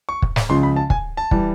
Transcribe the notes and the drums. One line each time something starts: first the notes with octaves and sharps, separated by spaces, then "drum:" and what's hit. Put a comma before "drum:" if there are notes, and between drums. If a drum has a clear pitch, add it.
C#6
drum: kick
drum: snare
C#2 C#3 F3 C6
B5
A5
G#5, drum: kick
A5
E3 G3, drum: kick